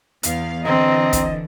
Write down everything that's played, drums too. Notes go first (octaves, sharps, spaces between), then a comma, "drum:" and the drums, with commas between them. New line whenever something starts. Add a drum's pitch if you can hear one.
E2 B3 F5, drum: hi-hat
D3 E3 C4 D#5 A#5
drum: kick, hi-hat